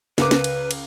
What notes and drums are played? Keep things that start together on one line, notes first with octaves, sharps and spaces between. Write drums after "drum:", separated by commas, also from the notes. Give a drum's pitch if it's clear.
C#2 A#4 B4 D6, drum: snare
drum: snare
drum: cymbal
drum: cymbal